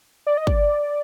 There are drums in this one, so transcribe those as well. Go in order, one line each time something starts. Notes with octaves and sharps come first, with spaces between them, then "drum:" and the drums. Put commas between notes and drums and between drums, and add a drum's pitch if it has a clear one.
D5
D#5
D5, drum: kick